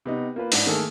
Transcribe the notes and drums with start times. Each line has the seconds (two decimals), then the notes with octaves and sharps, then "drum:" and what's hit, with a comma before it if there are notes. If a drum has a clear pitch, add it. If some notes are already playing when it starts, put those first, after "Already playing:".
0.05 C3 B3 D#4
0.36 A#3 F4 B4
0.52 G#2 D4 E4, drum: open hi-hat
0.66 D#3 A3 A#3 G#4 A4